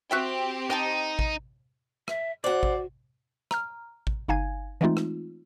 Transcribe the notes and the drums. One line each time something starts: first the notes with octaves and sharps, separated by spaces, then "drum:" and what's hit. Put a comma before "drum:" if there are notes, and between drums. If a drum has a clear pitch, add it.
C4 F#4 G4 E5 G5
D#4 D#5 G5 A5
drum: kick A1
E5, drum: rim click
F#4 C5 D5 F#5
drum: kick A1
A#5 F6, drum: rim click
drum: kick A1
G1 D#4 F5 G#5 G#6
E3 G#3 A3 C4 D#4 F4
drum: rim click